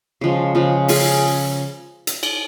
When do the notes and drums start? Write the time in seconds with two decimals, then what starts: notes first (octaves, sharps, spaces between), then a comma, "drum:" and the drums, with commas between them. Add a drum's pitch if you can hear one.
0.21 C#3 F3 G#3
0.55 C#3 F3 G#3
0.88 C#4 F4 G#4, drum: open hi-hat
2.07 drum: hi-hat
2.23 drum: cymbal